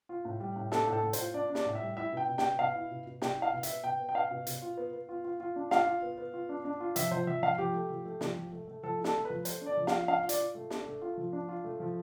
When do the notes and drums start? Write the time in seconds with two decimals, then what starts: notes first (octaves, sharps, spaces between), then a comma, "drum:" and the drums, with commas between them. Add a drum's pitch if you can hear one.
0.09 F4
0.25 A2
0.40 G3
0.56 A2
0.72 D4 A4, drum: snare
0.87 A2
0.93 A4
1.03 A2
1.13 C5, drum: hi-hat
1.19 F4
1.34 D4 D5
1.50 D4
1.55 D5, drum: snare
1.65 A2
1.75 E5
1.81 G3
1.97 E4 E5
2.12 B2 G5
2.28 B2
2.38 G5, drum: snare
2.43 B2
2.59 B2 F5
2.75 E4
2.91 B2
3.06 B2
3.22 B2 G5, drum: snare
3.37 E4
3.42 F5
3.53 B2
3.63 E5, drum: hi-hat
3.68 B3
3.84 B2 G5
4.00 B3
4.09 G5
4.15 B3 F5
4.31 B2
4.47 B2, drum: hi-hat
4.62 F4
4.77 B3
4.93 B3
5.09 F4
5.25 F4
5.40 F4
5.56 D4
5.71 F4 F5, drum: snare
5.86 F4
6.02 B3
6.18 B3
6.34 F4
6.49 D4
6.65 D4
6.80 F4
6.96 F3 E5, drum: hi-hat
7.11 F3 C5
7.27 F3 E5
7.43 F3 F5
7.58 F3 G4
7.74 A3
7.90 F3
8.06 A3
8.21 F3, drum: snare
8.36 F3
8.52 A3
8.68 A3
8.83 F3 A4
8.99 E4
9.04 A4, drum: snare
9.14 A3
9.25 F3 B4
9.45 A3 C5, drum: hi-hat
9.61 D4
9.66 D5
9.77 F3
9.87 F4 F5, drum: snare
10.08 D4 F5
10.23 F4
10.29 D5, drum: hi-hat
10.39 F4
10.55 A3
10.70 D4, drum: snare
10.86 A3
11.02 F4
11.17 F3
11.33 D4
11.48 F4
11.64 A3
11.80 F3